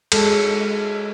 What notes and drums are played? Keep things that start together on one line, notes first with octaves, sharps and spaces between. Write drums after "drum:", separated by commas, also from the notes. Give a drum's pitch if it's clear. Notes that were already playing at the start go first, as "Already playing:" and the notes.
G#3 A4, drum: cymbal